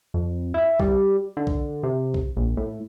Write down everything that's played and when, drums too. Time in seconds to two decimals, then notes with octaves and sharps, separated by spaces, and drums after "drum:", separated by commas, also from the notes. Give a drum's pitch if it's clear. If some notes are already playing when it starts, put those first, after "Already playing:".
0.14 F2
0.54 E4
0.80 G3, drum: kick
1.37 D3
1.47 drum: kick
1.83 C3
2.14 drum: kick
2.37 A#1
2.57 A2